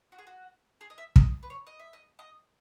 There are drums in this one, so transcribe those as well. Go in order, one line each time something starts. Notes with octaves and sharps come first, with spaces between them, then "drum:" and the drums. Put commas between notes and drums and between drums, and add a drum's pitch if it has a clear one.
F#4
G#4
F#4
G#4
D#5
E5
D#5, drum: kick
B4
C#5
D#5
E5
D#5
D#5